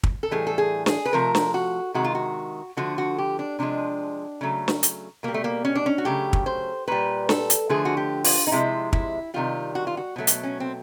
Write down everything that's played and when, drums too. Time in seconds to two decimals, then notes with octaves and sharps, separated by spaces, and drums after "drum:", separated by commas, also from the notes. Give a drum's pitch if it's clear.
0.03 drum: kick
0.23 A4
0.31 A2 E3 G3 G#4
0.47 A4
0.58 G#4
0.86 G#4, drum: snare
1.05 B4
1.13 C3 F3 A3 A#4
1.35 drum: snare
1.54 F#4
1.94 C3 D#3 G#3 F#4
2.05 F4
2.15 F#4
2.77 D3 F3 A3 F#4
2.98 F#4
3.18 G4
3.39 D4
3.59 C3 F3 G#3 D4
4.41 C#3 F#3 A3
4.68 drum: snare
4.83 drum: hi-hat
5.23 B2 G3 A#3
5.34 A3
5.44 A#3
5.65 C#4
5.75 D4
5.86 C#4
5.98 F#4
6.05 C#3 F#3 A3 G4
6.33 drum: kick
6.46 C5
6.88 A#2 G3 B4
7.29 A4, drum: snare
7.50 drum: hi-hat
7.69 D3 F3 A3 G#4
7.85 F#4
7.97 G4
8.24 F4, drum: open hi-hat
8.47 D#4
8.51 C3 F3 G#3 E4
8.93 E4, drum: kick
9.34 C3 D#3 G3 F4
9.75 F#4
9.87 F4
9.97 F#4
10.16 B2 F#3 A3
10.27 drum: hi-hat
10.43 C#4
10.60 C4